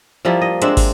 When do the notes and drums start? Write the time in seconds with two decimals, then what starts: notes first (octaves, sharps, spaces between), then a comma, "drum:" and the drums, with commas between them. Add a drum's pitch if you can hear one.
0.25 F3 G3 A#3 E4
0.42 D#5
0.62 G#3 C4 D4 E5, drum: hi-hat
0.77 drum: kick, open hi-hat